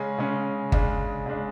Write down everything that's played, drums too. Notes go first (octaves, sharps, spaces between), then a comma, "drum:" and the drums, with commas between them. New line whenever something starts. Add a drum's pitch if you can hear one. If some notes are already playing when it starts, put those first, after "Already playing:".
Already playing: C#3 G#3 C#4
C#3 G#3 C#4
C#3 G#3 D4, drum: kick G1
C#3 G#3 D4